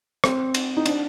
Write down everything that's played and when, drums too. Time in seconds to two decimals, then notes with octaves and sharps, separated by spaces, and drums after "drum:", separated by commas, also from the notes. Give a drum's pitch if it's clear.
0.24 C4, drum: rim click
0.54 drum: cymbal
0.77 D#4
0.86 D4, drum: cymbal